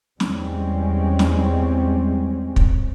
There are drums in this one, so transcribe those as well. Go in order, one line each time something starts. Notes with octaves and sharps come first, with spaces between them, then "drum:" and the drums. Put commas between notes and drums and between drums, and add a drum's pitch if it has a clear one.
E2 G3 G#3 C4 C#4, drum: snare
drum: snare
drum: kick